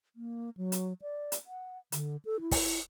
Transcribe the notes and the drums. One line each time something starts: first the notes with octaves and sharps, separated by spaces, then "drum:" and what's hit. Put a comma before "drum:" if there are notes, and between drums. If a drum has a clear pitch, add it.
A#3
F#3
drum: hi-hat
D5
drum: hi-hat
F#5
D3, drum: hi-hat
A4
E4
drum: kick, open hi-hat